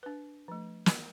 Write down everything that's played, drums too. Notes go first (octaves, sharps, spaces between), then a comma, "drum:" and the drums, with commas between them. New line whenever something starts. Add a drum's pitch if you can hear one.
D4 B4
F3 A3
drum: snare